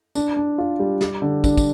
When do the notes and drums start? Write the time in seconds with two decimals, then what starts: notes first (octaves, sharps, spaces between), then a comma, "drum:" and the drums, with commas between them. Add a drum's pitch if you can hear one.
0.15 D4, drum: tambourine
0.37 D4
0.58 F4
0.79 G3
1.01 G4, drum: snare
1.22 D3
1.44 D4, drum: kick, tambourine
1.58 drum: kick, tambourine